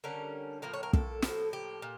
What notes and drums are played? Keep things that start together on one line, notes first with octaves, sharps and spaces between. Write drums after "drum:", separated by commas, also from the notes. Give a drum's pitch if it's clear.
D3 G3 C#4 A#4
A2 F3 A#3 A#4
C#5
A#4
A4, drum: kick
A2 F3 A#3, drum: snare
G4
A#2